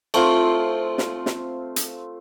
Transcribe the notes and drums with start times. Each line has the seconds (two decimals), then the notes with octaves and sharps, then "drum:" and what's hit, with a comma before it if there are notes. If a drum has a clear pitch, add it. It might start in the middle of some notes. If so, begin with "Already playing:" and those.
0.14 A3 C4 F4, drum: cymbal
0.98 drum: snare
1.26 drum: snare
1.76 drum: hi-hat